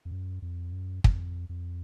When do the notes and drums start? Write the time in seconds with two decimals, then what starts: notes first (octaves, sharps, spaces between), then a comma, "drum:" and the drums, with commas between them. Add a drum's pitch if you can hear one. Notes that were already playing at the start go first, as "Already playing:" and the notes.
0.05 F2
0.11 F#2
0.42 F2
0.72 F#2
1.04 F2, drum: kick
1.49 F2